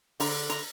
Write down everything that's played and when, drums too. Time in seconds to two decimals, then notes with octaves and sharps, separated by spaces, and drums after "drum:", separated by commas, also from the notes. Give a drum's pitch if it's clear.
0.20 D3 A#5, drum: open hi-hat
0.50 A#5, drum: hi-hat